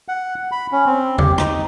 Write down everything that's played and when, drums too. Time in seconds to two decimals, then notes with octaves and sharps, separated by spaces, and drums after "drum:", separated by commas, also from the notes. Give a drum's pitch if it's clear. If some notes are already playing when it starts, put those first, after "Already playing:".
0.08 F#5
0.52 B5
0.72 C#4
0.86 C4
1.18 G4, drum: tom E2
1.38 D#4, drum: rim click